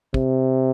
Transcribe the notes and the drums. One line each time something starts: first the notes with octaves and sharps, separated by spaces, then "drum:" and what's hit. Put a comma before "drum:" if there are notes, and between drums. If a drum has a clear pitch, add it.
C3, drum: kick